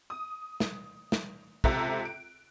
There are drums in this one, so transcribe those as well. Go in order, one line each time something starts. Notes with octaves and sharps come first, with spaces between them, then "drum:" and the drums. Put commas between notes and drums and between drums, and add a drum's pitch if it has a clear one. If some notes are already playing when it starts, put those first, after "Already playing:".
D#6
drum: snare
drum: snare
C#2 C3 A4 E5 A#5 F#6, drum: kick
D7